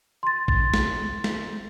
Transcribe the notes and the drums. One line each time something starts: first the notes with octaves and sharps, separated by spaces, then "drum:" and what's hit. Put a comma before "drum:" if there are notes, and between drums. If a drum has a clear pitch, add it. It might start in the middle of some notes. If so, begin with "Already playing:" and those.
C6 A6
drum: kick A1
drum: snare
drum: snare